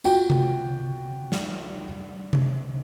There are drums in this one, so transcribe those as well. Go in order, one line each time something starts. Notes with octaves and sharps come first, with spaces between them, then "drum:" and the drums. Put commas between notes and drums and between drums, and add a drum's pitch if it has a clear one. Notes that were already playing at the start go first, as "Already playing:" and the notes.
F4 F#4 G5, drum: tambourine
drum: tom C3
drum: snare
drum: tom C3